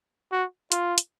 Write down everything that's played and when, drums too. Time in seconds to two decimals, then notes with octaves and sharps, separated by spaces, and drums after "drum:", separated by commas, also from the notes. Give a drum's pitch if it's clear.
0.32 F#4
0.72 F4, drum: hi-hat
0.98 drum: hi-hat